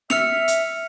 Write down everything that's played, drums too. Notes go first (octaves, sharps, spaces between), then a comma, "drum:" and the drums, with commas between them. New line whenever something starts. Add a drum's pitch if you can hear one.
E5 F6 C#7 F7, drum: snare
drum: hi-hat